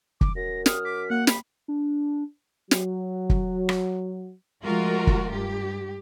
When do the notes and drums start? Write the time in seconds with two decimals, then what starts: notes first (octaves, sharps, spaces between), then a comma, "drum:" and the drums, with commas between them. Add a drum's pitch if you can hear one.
0.21 D6, drum: kick
0.36 F#2 A#6
0.66 D#6 F6, drum: snare
0.85 D6 B6
1.10 A#3 F#5
1.27 B5, drum: snare
1.68 D4
2.71 F#3 F#4, drum: snare
3.30 drum: kick
3.69 drum: rim click
4.65 F3 G#3 A3 F4 F#4 A#4
5.07 drum: kick
5.32 G2 G4